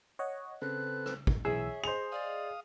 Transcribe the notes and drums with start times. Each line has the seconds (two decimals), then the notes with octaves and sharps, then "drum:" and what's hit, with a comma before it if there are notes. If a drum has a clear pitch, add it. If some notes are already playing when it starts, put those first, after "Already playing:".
0.19 C#5 D#5 F#5
0.62 C#3 C4 A4 B4 F#6
1.06 drum: rim click
1.27 drum: kick
1.45 B1 E3 G#4 C#5 E5 E6
1.84 G#4 C5 D#5 F7
2.12 D5 F5 D#6